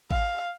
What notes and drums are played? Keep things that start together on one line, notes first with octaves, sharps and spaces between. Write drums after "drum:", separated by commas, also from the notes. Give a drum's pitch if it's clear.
F5, drum: kick G#1